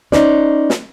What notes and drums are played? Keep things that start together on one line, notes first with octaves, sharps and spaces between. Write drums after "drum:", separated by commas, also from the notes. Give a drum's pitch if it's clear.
C#4 D#4 C5 D5, drum: snare
drum: snare